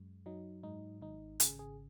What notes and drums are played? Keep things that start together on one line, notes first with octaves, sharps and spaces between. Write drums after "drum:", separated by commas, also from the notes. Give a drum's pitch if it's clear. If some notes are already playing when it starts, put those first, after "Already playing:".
Already playing: F#2 G#3
F#3 D#4
G#2 D#4
G#1 D#4
C#3 G#4, drum: hi-hat
G#4